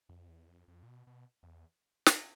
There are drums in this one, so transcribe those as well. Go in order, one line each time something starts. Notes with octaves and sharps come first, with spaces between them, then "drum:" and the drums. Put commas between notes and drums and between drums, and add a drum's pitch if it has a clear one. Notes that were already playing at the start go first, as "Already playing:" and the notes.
F2
E2
F2
F2
A#2
B2
B2
F2
E2
drum: snare